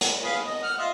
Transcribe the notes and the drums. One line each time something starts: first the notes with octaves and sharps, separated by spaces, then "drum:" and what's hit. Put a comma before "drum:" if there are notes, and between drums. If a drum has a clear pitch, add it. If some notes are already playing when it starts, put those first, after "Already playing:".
drum: hi-hat
G#4 B4 F5
D#5
F#5 F6
F4 D#5 E5